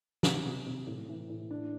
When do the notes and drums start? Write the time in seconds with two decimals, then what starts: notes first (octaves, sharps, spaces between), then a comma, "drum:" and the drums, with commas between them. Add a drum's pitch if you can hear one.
0.23 C3, drum: snare
0.45 C3
0.67 C3
0.87 A2
1.09 E3
1.30 A2
1.51 D4